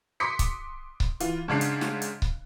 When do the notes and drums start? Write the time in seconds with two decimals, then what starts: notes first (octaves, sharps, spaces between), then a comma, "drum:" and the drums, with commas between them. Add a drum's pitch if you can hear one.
0.20 C6 D6 D#6 B6 C#7
0.39 drum: kick C#1, hi-hat
1.00 drum: kick C#1
1.20 E3 F4, drum: hi-hat
1.48 G#2 C#3 D4 C7
1.61 drum: hi-hat
1.81 drum: snare
2.02 drum: hi-hat
2.22 drum: kick C#1